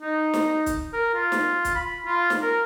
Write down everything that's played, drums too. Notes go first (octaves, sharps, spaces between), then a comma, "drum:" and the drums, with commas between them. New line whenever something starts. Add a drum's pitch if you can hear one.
D#4
drum: snare
drum: kick, hi-hat
A#4
F4
drum: snare
drum: kick, hi-hat
B5
F4
drum: snare
A#4